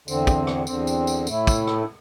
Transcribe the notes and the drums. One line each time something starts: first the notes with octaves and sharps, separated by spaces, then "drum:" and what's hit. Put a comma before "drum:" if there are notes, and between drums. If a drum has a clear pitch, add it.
E2 D3 C4, drum: tambourine
drum: kick, tambourine
drum: rim click
E2 D3 C4, drum: tambourine
drum: tambourine
drum: tambourine
A2 A3 E4, drum: tambourine
drum: kick, tambourine
drum: rim click